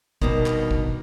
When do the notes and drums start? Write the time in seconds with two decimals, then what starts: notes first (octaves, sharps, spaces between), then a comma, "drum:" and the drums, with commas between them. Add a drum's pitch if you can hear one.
0.22 G2 B2 D#3, drum: kick
0.46 drum: clap
0.71 drum: kick